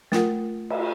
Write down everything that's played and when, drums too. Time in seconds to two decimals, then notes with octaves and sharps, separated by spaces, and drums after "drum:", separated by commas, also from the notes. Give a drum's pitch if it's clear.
0.12 A3 F4 A#4 F#5, drum: snare
0.70 drum: cymbal